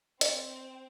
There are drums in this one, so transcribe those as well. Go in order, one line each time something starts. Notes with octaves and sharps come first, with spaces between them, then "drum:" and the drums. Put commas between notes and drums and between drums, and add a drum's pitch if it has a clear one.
C4, drum: hi-hat